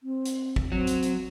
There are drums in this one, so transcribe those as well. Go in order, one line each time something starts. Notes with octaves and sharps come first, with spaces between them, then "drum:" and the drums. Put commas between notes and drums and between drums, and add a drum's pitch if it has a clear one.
C4
drum: hi-hat
drum: kick
F#3 C4
drum: hi-hat
drum: hi-hat